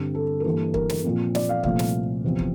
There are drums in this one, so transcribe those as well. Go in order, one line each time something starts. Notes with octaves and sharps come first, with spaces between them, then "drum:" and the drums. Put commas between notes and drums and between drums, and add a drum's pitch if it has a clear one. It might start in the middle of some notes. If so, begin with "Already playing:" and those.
Already playing: G2 D3 G3 C4
A4
A#4
G2 E3 A#3 D4 A4
A#4, drum: kick
drum: snare
A#2 F3 C4
D5, drum: snare
F5
C2 A#2 F3 A3 F5, drum: kick
drum: snare
E2 C3 F3 C4
drum: kick